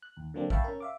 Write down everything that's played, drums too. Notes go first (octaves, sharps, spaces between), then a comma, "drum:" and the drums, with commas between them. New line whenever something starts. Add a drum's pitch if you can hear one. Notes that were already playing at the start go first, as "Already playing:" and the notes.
F#6
D#2
D3 F#3 A#3 C4 D4
E5 F5 G5 A5 B5 C#6, drum: kick
C#4 A#4
E5 F5 D6